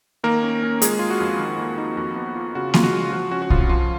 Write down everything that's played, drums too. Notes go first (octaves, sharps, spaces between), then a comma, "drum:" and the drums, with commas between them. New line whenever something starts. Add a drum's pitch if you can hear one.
D#3 A#3 A#4
C#4
C#4
G#3 F4 G#4, drum: hi-hat
F4
F#4
F2
D#3
A#3
D#4
F2 F#4
B3
F4
C#3 F#4
G#3 F4, drum: snare A#3
F#4
C#3
F3 F#4
C#4 F#4
F#4
F2 F4, drum: kick
F3 F4